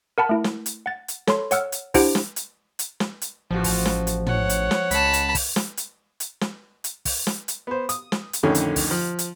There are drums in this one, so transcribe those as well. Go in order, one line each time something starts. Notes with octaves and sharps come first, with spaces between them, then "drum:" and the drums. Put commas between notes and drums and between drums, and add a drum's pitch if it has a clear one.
A#4 F#5 A5 B5
A3 E4
drum: snare
drum: hi-hat
F#5 A6
drum: hi-hat
A4 C#5 B5 C6, drum: snare
C#5 F#5 E6 F6, drum: hi-hat
drum: hi-hat
D4 E4 G4 C5 F#5 D7, drum: kick, open hi-hat
drum: snare
drum: hi-hat
drum: hi-hat
drum: snare
drum: hi-hat
A1 F3 F4 F#4
drum: kick, open hi-hat
drum: snare
drum: hi-hat
C#5 F#5, drum: tom
drum: hi-hat
drum: snare
C#2 A5 B5, drum: hi-hat
drum: hi-hat
drum: kick, open hi-hat
drum: snare
drum: hi-hat
drum: hi-hat
drum: snare
drum: hi-hat
drum: kick, open hi-hat
drum: snare
drum: hi-hat
B3 C5
D#6, drum: hi-hat
drum: snare
drum: hi-hat
F2 A2 D3 D#3 C#4
drum: hi-hat
drum: kick, open hi-hat
F3
drum: hi-hat